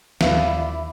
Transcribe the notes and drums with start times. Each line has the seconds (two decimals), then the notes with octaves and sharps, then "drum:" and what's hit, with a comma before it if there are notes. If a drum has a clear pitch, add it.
0.21 D#2 E4 F4 D5 E5 B5, drum: snare